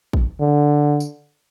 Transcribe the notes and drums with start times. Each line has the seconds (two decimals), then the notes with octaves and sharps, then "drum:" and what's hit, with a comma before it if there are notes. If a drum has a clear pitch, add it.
0.13 drum: kick
0.40 D3
1.00 drum: tambourine